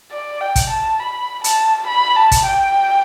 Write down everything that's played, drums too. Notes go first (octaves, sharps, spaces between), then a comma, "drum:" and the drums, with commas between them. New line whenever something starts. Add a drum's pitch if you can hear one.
D5
G5
drum: kick, hi-hat
A5
B5
A5, drum: hi-hat
B5
A5
drum: kick, hi-hat
G5